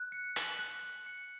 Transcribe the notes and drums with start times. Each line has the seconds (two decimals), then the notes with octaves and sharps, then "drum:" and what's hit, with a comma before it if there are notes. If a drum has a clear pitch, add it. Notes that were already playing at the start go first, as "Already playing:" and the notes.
Already playing: F#6
0.12 C#7
0.36 F#7, drum: hi-hat
0.59 F#6
0.83 F#6
1.06 C#7